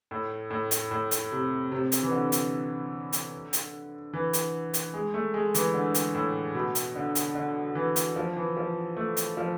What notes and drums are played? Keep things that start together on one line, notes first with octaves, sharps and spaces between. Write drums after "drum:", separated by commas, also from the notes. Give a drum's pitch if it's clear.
A2
A2
drum: hi-hat
A2
drum: hi-hat
C3
C3
drum: hi-hat
E3
D3
drum: hi-hat
drum: hi-hat
drum: hi-hat
E3
drum: hi-hat
drum: hi-hat
G#3
A3
G#3
E3, drum: hi-hat
D3
drum: hi-hat
A2
B2
drum: hi-hat
D3
drum: hi-hat
D3
E3
drum: hi-hat
F3
E3
F3
A3
drum: hi-hat
F3